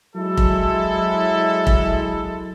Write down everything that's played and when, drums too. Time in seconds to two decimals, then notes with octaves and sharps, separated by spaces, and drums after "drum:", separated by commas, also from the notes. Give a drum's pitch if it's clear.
0.16 F#3 G#3 E4 A4
0.37 drum: kick F1
1.67 drum: kick F1